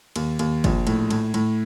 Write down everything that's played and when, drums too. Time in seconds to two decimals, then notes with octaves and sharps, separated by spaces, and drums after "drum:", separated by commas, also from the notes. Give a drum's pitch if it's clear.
0.16 D#2, drum: cymbal
0.39 D#2, drum: cymbal
0.64 A#1, drum: kick, cymbal
0.87 A2, drum: cymbal
1.10 A2, drum: cymbal
1.34 A2, drum: cymbal